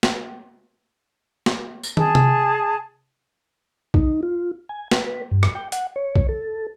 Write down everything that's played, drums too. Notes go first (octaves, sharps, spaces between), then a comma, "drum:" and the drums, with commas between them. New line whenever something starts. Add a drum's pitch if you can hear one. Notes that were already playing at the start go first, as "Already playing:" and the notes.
drum: snare
drum: snare
drum: tambourine
G#4 A5, drum: tom
drum: tom C3
D#4, drum: kick B1
F4
G#5
B4, drum: snare
G2
drum: rim click
G5
F#5, drum: hi-hat
C#5
drum: kick B1
A4